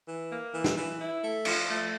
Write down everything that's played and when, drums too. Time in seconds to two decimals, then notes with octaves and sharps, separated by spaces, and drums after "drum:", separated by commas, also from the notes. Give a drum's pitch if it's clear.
0.07 E3
0.30 A#3
0.53 E3
0.64 drum: snare
0.76 E3
0.99 E4
1.23 A3
1.45 F3, drum: cymbal
1.68 A3